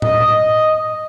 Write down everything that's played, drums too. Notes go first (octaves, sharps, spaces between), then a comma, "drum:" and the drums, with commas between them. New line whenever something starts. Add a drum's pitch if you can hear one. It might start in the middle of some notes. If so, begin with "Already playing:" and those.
D#5, drum: tom A2